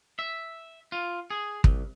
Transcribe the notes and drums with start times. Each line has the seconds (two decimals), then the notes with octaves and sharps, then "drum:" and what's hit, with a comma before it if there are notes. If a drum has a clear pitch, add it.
0.19 E5
0.92 F4
1.30 G#4
1.64 C2, drum: kick